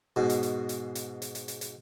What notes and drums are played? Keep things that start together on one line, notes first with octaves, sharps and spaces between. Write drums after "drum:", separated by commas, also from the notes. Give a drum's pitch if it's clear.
G#2 B2
drum: hi-hat
drum: hi-hat
drum: hi-hat
drum: hi-hat
drum: hi-hat
drum: hi-hat
drum: hi-hat
drum: hi-hat